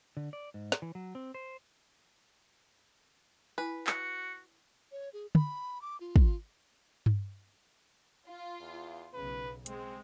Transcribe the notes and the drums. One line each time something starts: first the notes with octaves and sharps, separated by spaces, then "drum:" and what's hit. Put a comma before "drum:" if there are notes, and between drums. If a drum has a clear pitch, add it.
D3
D5
G#2
drum: snare
E3
F#3
C4
C5
E4 B4 G#5
F#4 C#7, drum: clap
C#5
G#4
B5, drum: tom
D6
F4
drum: kick
drum: tom G2
F4
E2
B1 C#3 B4
G#3 C4, drum: hi-hat